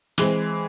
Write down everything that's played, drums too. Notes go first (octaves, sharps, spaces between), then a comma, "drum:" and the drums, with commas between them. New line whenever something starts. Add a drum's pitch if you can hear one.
E3 G#3 C4, drum: hi-hat